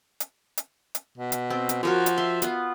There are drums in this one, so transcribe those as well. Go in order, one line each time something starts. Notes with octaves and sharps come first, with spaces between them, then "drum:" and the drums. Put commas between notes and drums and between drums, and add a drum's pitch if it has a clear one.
drum: hi-hat
drum: hi-hat
drum: hi-hat
B2
drum: hi-hat
C4
drum: hi-hat
F3 F#4 A#4 C#5
drum: hi-hat
E5 C6
B3 F4, drum: hi-hat